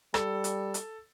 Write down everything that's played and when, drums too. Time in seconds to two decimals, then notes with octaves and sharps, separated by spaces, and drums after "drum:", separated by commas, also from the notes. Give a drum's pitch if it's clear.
0.14 G3 A4, drum: rim click
0.44 drum: hi-hat
0.74 drum: hi-hat